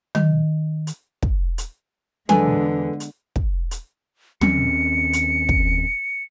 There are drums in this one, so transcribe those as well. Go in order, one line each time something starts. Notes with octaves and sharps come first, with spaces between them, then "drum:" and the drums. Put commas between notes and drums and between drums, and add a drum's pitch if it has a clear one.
D#3, drum: tom
drum: hi-hat
drum: kick
drum: hi-hat
E2 D3 G#3 A4 B4 G#5, drum: tom
drum: hi-hat
drum: kick
drum: hi-hat
D#2 C4 C#4 C#7, drum: tom
drum: hi-hat
drum: kick